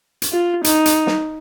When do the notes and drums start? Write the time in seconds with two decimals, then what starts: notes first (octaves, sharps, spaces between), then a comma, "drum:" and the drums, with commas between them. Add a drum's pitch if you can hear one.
0.22 drum: hi-hat
0.32 F4
0.64 D#4, drum: hi-hat
0.86 drum: hi-hat
1.07 drum: snare